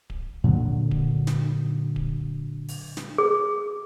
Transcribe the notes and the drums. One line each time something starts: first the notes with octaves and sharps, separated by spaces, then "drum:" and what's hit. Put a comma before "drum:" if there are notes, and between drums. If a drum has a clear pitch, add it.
drum: kick D1
A#2 D3 F#3
drum: kick D1
drum: snare
drum: kick D1
drum: open hi-hat
drum: snare
G#4